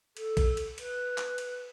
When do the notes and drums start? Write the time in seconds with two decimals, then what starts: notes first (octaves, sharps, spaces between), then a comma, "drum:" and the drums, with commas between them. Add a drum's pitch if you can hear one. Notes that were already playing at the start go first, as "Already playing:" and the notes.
0.17 A4, drum: cymbal
0.37 drum: kick A#1, cymbal
0.57 drum: cymbal
0.78 B4, drum: cymbal
1.18 drum: clap
1.38 drum: cymbal